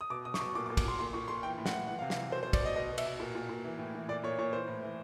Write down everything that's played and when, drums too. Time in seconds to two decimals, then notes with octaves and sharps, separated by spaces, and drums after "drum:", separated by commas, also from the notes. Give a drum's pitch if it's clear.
0.01 D#6
0.10 B2 D6
0.25 B2 D#6
0.34 C#6, drum: snare
0.40 B2 D6
0.55 A#2 D6
0.66 D6
0.70 A#2
0.77 D6, drum: kick, cymbal
0.85 A#2 C6
0.99 A#2 C6
1.13 A#2 C#6
1.28 A#2 C6
1.43 E3 G5
1.58 A2
1.66 F#5, drum: snare
1.73 E3
1.87 E3 F#5
1.99 F5
2.02 C3
2.10 F5, drum: snare
2.16 E3
2.31 B2 C5
2.43 C5
2.47 B2
2.53 D5, drum: kick, cymbal
2.62 B2 D#5
2.76 B2 D#5
2.91 B2
2.98 E5, drum: cymbal
3.06 B2
3.20 A#2
3.35 A#2
3.49 A#2
3.64 E3
3.79 A2
3.95 E3
4.09 A#2 D5
4.23 A#2 C#5
4.39 A#2 C#5
4.53 E3 C5
4.68 A2
4.83 E3